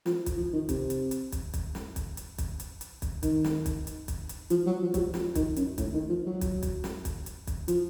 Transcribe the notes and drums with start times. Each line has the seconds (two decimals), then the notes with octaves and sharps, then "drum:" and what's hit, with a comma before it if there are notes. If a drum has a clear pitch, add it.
0.06 F3, drum: snare
0.26 drum: kick, hi-hat
0.37 F3
0.53 D#3
0.69 C3, drum: kick, hi-hat
0.90 drum: hi-hat
1.11 drum: hi-hat
1.32 drum: kick, hi-hat
1.54 drum: kick, hi-hat
1.75 drum: snare
1.96 drum: kick, hi-hat
2.17 drum: hi-hat
2.38 drum: kick, hi-hat
2.60 drum: hi-hat
2.81 drum: hi-hat
3.02 drum: kick, hi-hat
3.23 D#3, drum: kick, hi-hat
3.44 drum: snare
3.66 drum: kick, hi-hat
3.87 drum: hi-hat
4.08 drum: kick, hi-hat
4.29 drum: hi-hat
4.50 F3, drum: hi-hat
4.66 F#3
4.82 F3
4.94 F#3, drum: kick, hi-hat
4.98 F3
5.14 F3, drum: snare
5.35 D#3, drum: kick, hi-hat
5.56 F#2, drum: hi-hat
5.78 A2, drum: kick, hi-hat
5.93 D#3
6.09 F3
6.26 F#3
6.41 drum: kick, hi-hat
6.63 drum: kick, hi-hat
6.84 drum: snare
7.05 drum: kick, hi-hat
7.26 drum: hi-hat
7.47 drum: kick, hi-hat
7.68 F3, drum: hi-hat